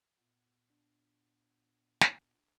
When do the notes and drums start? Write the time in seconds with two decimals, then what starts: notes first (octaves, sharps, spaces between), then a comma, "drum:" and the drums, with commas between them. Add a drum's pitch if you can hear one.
0.19 A#2 B3
0.70 D4
2.01 drum: snare